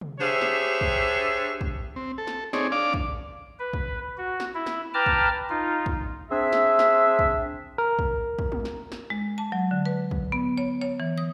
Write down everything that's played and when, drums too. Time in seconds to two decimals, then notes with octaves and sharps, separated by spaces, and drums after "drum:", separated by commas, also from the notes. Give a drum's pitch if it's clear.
0.01 drum: tom C3
0.20 D4 G4 G#4 C5 C#5 E5
0.41 drum: snare
0.81 drum: kick
1.61 drum: kick
1.96 C4
2.18 A4
2.27 drum: snare
2.53 C4 D#4 G#4 C#5 D5, drum: snare
2.72 D4 D5 F5 D6
2.94 drum: kick
3.59 B4
3.73 drum: kick
4.18 F#4
4.40 drum: snare
4.55 E4
4.66 drum: snare
4.94 B4 G5 A5 A#5 D6 F6
5.06 drum: kick
5.49 D#4 F4
5.86 drum: kick
6.30 C4 D4 G#4 E5
6.52 drum: snare
6.79 drum: snare
7.19 drum: kick
7.78 A#4
7.99 drum: kick
8.39 drum: kick
8.52 drum: tom G#3
8.65 drum: snare
8.92 drum: snare
9.10 G#3
9.38 A5
9.52 F#3
9.71 D3
9.86 B4
10.11 drum: kick
10.32 B3
10.58 C#5
10.82 C#5
11.00 E3
11.18 D#6